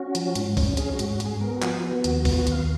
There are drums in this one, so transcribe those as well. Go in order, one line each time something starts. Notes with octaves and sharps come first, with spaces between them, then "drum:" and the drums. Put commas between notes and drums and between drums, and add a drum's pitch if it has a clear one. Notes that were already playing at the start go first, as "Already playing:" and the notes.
Already playing: C#4 F#4
F3, drum: hi-hat
G#2, drum: hi-hat
C#4, drum: kick A#1, open hi-hat
C#4 G#4, drum: hi-hat
F#4
G#2, drum: hi-hat
F#4
G#2, drum: hi-hat
G#4
B3 A#4
F#4
F3, drum: clap
F#4
B3 F#4
D#2 F#4, drum: hi-hat
F#4
B3, drum: kick A#1, open hi-hat
F4
F#4
D#2, drum: hi-hat
F5